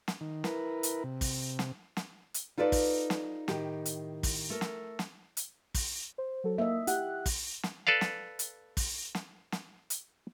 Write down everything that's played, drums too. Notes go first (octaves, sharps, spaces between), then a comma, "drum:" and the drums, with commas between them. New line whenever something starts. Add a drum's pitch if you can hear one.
drum: snare
D#3
E4 A#4 B4, drum: snare
drum: hi-hat
C3
drum: kick, open hi-hat
drum: snare
drum: snare
drum: hi-hat
D#4 F4 A4 B4 D5
drum: kick, open hi-hat
drum: snare
A2 D#3 G4, drum: snare
drum: hi-hat
drum: kick, open hi-hat
A3 A#4
drum: snare
drum: snare
drum: hi-hat
drum: kick, open hi-hat
C5
F#3 A4
A#3 D#5 E5
E4 G4 F#5 F#6, drum: hi-hat
drum: kick, open hi-hat
drum: snare
A4 B4 D5 F5
drum: snare
drum: hi-hat
drum: kick, open hi-hat
drum: snare
drum: snare
drum: hi-hat